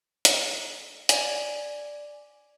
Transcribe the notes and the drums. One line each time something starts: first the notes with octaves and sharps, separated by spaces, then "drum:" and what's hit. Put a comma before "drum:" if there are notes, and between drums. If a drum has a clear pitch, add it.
drum: hi-hat
D5 G#5, drum: hi-hat